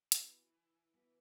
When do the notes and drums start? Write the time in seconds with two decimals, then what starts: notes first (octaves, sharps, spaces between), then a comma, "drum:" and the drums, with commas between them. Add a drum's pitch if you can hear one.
0.12 E3 B3 F#4 B4, drum: hi-hat
0.94 B3 F#4 B4